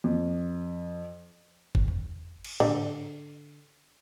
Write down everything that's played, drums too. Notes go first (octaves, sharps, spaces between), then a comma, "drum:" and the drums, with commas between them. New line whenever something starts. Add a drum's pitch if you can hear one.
F2
drum: kick F#1
drum: tom E2
drum: cymbal
D3, drum: tom G#2